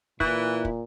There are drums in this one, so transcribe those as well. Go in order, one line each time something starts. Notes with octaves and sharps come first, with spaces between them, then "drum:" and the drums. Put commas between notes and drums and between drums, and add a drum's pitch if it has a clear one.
A#2 E3 E4 F#6, drum: kick
drum: kick